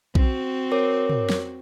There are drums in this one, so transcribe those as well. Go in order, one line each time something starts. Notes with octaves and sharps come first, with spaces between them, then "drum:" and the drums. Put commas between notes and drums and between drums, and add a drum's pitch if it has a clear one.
C4 F#4, drum: kick B1
A#4 C#5 D6
drum: tom
drum: snare